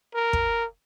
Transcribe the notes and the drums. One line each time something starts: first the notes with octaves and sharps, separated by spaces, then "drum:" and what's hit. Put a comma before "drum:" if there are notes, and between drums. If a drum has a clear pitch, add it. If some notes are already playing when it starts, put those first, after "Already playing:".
A#4
drum: kick